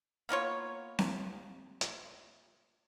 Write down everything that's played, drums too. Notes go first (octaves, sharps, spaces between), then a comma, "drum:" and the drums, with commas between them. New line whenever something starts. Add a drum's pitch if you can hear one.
A#3 B3 F4 C#5
drum: snare C4
drum: hi-hat